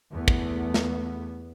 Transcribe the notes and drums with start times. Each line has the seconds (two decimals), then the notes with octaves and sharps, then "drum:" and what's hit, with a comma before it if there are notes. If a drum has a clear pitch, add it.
0.12 E2 A3 B3
0.28 drum: kick
0.74 drum: snare